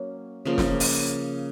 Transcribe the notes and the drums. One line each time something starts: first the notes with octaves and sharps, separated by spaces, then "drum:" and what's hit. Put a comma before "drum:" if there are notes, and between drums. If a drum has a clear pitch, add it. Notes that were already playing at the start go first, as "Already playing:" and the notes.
Already playing: F#3 A#3 C#4
C#3 F3 A#3
drum: snare
drum: open hi-hat